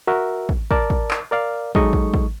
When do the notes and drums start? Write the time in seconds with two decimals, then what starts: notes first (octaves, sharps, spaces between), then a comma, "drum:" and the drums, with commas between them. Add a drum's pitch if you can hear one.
0.07 F#4 A#4 E5
0.49 drum: kick
0.71 A#4 D5 A5, drum: kick
0.90 drum: kick
1.11 drum: clap
1.31 A#4 D5 F5
1.75 F#3 G#3 D#4 A4 D#5 C#6, drum: kick
1.93 drum: kick
2.14 drum: kick